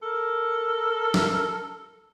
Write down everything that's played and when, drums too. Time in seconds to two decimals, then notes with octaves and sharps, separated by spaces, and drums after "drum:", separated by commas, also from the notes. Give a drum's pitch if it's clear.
0.03 A4 A#4
1.14 drum: snare